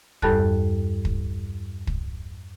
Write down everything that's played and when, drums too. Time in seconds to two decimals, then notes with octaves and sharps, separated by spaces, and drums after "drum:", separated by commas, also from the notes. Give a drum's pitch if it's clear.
0.22 E2 G2 G3 A4 A5 F#6, drum: kick
1.05 drum: kick
1.87 drum: kick